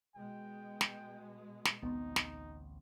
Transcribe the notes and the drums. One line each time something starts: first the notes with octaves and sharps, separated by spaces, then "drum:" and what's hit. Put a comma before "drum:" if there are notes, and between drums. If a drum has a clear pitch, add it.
B2 G#3 G5
drum: snare
drum: snare
A1 D2 B3 C4 D#4
drum: snare